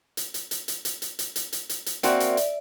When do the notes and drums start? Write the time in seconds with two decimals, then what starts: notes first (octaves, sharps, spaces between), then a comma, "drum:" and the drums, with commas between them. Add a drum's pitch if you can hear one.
0.17 drum: hi-hat
0.34 drum: hi-hat
0.51 drum: hi-hat
0.68 drum: hi-hat
0.85 drum: hi-hat
1.02 drum: hi-hat
1.19 drum: hi-hat
1.36 drum: hi-hat
1.53 drum: hi-hat
1.69 drum: hi-hat
1.86 drum: hi-hat
2.03 A#3 C4 F#4 D5 E5, drum: hi-hat
2.20 drum: hi-hat
2.37 drum: hi-hat